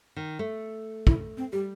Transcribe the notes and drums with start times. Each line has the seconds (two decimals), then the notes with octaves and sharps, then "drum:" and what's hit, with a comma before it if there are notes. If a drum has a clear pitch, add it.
0.16 D#3
0.39 A3
1.07 E4, drum: kick
1.37 C4
1.52 G3 G4